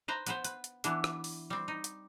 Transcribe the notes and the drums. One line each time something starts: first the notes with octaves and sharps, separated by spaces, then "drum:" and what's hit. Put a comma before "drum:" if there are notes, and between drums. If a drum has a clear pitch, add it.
B4 C5 A#5
B3 B4 C5, drum: hi-hat
B4, drum: hi-hat
drum: hi-hat
E3 B3 D4 E4, drum: hi-hat
drum: rim click
drum: open hi-hat
G3 C4
D#4
drum: hi-hat